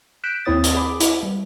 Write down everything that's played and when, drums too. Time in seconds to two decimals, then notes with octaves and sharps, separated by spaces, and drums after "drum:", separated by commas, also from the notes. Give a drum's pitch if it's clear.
0.24 F#6 G6 B6 D7 E7
0.45 D#2 C4 E4 C#5 D#6 A6
0.64 drum: hi-hat
0.75 G#4 B5 D6
1.00 E4, drum: hi-hat
1.23 G3